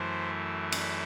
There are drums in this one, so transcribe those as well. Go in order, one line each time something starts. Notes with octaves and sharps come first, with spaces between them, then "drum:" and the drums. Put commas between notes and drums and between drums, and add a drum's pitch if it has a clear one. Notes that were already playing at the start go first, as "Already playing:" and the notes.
Already playing: F#2 E3 A3 C5
drum: cymbal